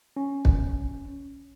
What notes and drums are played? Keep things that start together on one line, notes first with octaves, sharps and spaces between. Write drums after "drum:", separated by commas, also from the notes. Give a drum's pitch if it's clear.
C#4
drum: kick